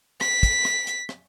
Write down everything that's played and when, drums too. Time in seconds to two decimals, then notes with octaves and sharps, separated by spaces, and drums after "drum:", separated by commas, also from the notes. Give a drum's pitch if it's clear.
0.21 B6, drum: rim click
0.43 drum: kick, hi-hat
0.65 drum: rim click
0.87 drum: hi-hat
1.09 drum: rim click